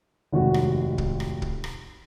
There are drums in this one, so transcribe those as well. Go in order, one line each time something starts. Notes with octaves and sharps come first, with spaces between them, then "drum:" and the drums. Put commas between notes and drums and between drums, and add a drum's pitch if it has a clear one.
F1 D#2 G#2 F#4
drum: rim click
drum: kick
drum: rim click
drum: kick
drum: rim click